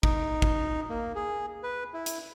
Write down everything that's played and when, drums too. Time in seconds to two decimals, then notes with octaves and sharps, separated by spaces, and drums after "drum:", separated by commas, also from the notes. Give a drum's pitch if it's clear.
0.03 D#4, drum: kick
0.42 drum: kick
0.90 A#3
1.15 G#4
1.63 B4
1.94 E4
2.06 drum: hi-hat